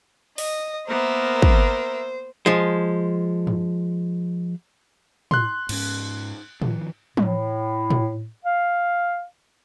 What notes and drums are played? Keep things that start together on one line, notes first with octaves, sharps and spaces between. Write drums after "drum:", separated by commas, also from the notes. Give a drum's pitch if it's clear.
D#5, drum: open hi-hat
A#3 B3 A#4 C5 E5
drum: kick
F3 G#3
drum: tom
C6 F#6, drum: tom
G#2 C#4, drum: cymbal
D#3 F3, drum: tom
A2, drum: tom
drum: tom
F5